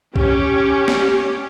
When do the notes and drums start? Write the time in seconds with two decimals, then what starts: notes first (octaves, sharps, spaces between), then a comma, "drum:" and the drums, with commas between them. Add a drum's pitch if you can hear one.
0.16 C#4 G4, drum: kick B1
0.88 drum: snare